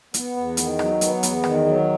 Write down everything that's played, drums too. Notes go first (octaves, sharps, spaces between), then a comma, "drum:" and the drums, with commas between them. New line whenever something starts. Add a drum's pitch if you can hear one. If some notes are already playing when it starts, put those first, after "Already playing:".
B3, drum: hi-hat
E2
D#3, drum: hi-hat
F#3, drum: rim click
B3, drum: hi-hat
E2, drum: hi-hat
D#3, drum: rim click
F#3